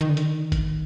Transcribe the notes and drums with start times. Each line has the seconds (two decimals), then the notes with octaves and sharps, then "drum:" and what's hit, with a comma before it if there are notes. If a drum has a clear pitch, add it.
0.01 D#3
0.09 D3
0.17 D#3, drum: hi-hat
0.52 drum: kick G1, hi-hat